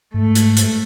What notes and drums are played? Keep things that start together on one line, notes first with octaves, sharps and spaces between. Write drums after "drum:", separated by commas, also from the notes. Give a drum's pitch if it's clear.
G#2 A3
drum: hi-hat
drum: hi-hat